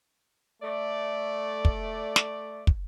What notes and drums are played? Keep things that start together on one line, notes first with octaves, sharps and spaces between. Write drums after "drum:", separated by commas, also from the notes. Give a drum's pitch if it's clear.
A3 D5
drum: kick
drum: snare
drum: kick